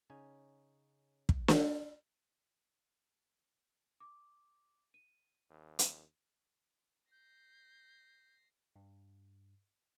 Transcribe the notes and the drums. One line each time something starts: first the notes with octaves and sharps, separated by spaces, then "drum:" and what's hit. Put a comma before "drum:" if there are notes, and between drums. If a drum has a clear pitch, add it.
C#3 C#4 D#4 G#5
drum: kick
drum: snare
D6
D#7
D#2
drum: hi-hat
G6 A#6 C7
G2